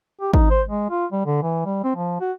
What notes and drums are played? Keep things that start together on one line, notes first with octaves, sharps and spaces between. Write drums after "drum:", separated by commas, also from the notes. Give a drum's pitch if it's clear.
G4
D#4, drum: kick G#1
C5
G#3
F4
G3
D3
E3
G3
C4
F3
F#4